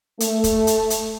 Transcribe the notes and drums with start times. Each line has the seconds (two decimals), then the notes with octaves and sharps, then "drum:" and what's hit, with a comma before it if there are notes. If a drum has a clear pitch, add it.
0.20 A3, drum: hi-hat
0.44 drum: kick, hi-hat
0.67 drum: hi-hat
0.90 drum: hi-hat